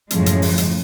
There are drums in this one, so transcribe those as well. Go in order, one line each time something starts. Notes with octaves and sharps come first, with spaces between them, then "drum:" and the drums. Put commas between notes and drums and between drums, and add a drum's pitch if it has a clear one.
F#2 A2 C#3 F3 G#3, drum: hi-hat
drum: hi-hat
drum: open hi-hat
drum: hi-hat